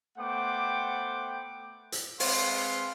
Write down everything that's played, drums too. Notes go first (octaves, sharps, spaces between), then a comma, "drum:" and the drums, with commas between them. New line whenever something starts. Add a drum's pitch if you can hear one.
A3 B3 C5 F#5 G5 D6
drum: hi-hat
G#3 C4 B4 F5 C6, drum: open hi-hat